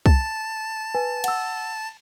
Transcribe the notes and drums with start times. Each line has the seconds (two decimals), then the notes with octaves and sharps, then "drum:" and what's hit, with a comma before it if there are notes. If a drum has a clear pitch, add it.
0.06 A5, drum: kick
0.94 B4 G#5
1.24 F#5 E6, drum: cymbal